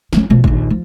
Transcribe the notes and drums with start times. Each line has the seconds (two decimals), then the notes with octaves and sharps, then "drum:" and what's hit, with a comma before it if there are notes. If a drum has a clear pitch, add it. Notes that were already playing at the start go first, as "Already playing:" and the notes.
0.13 F3 C#4, drum: snare
0.30 B2 F3
0.44 A#1 D#2, drum: kick
0.70 F3